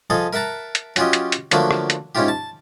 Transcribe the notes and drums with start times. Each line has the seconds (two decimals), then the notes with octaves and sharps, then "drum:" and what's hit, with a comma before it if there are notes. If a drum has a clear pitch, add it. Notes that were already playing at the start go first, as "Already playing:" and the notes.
0.10 F3 G#4 A4 D#5
0.33 A#4 E5 F#5 A5 A#5
0.75 drum: hi-hat
0.96 F#3 C#4 F4 G4 D#5, drum: hi-hat
1.13 drum: hi-hat
1.32 drum: hi-hat
1.51 D3 F3 F#3 A3 A#3, drum: hi-hat
1.71 drum: rim click
1.90 drum: hi-hat
2.15 G#2 C#4 E4 F4 G4
2.28 A5